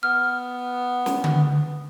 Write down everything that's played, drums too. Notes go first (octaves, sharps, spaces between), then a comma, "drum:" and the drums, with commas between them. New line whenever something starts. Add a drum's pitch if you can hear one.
B3 F6
drum: snare
drum: tom D3